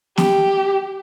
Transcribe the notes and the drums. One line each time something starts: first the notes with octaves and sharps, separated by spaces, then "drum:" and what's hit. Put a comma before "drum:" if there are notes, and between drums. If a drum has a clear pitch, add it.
G4, drum: snare